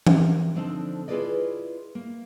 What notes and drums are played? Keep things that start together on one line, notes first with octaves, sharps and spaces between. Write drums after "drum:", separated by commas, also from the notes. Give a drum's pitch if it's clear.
A#4 C#5, drum: tom E3
D3 F3 C4 D4 D#4 A4
E4 F4 G#4 B4 D5 D#5
A#3